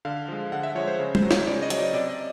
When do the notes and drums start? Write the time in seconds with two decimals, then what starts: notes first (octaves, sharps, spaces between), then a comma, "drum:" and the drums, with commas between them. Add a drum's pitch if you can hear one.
0.05 D3 F5
0.28 F3 G#3
0.52 D3 F#5
0.63 E5
0.75 F3 G#3 C#5
0.87 C5
0.99 C#3
1.15 C5, drum: tom
1.22 F#3
1.31 C#5, drum: snare
1.46 C#3 D5
1.62 D#5
1.70 F#3, drum: hi-hat
1.78 D5
1.93 C3 D5
2.10 D#5